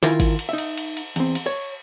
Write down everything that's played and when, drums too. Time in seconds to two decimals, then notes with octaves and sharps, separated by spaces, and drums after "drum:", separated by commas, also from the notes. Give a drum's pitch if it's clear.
0.03 D#3 E4 F4 A#4 G#5, drum: snare
0.20 drum: kick G#1, cymbal
0.39 drum: cymbal
0.49 D#4 E5
0.58 drum: cymbal
0.78 drum: cymbal
0.97 drum: cymbal
1.16 E2 C4, drum: cymbal
1.35 drum: cymbal
1.46 C#5